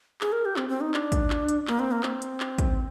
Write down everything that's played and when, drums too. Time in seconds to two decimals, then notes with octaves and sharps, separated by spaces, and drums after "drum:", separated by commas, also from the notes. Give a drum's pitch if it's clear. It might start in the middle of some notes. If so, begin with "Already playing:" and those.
0.21 G#4, drum: clap
0.32 A#4
0.45 G4
0.56 C4, drum: clap
0.69 C4
0.81 D#4
0.94 D4, drum: clap
1.12 drum: kick, hi-hat
1.30 drum: clap
1.49 drum: hi-hat
1.67 A#3, drum: clap
1.80 C4
1.92 A#3
2.03 C4, drum: clap
2.22 drum: hi-hat
2.40 drum: clap
2.58 drum: kick, hi-hat